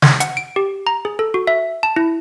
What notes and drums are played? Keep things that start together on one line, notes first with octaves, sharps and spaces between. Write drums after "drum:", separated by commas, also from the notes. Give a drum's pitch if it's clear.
G#6, drum: snare
F#5, drum: hi-hat
D7
G4
A#5
G#4
A4
F#4
E5
A5
E4